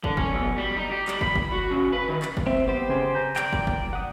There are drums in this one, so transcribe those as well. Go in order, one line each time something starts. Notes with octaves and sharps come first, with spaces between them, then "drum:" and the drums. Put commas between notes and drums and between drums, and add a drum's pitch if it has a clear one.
D3, drum: kick
C#4, drum: kick
B1
G3
D#4
G4
G3, drum: clap
B5, drum: kick
drum: kick
F#4
C#3
B4
D#3
drum: clap
drum: kick
C4 E5
B3 G4 C5
C#3 G#5 C6
A#5 G6
D5 G5, drum: clap
drum: kick
drum: kick
F#5 D#6